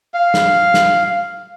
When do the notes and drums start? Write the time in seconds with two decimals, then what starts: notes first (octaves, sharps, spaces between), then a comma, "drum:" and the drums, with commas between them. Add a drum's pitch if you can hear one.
0.14 F5
0.34 drum: snare
0.74 drum: snare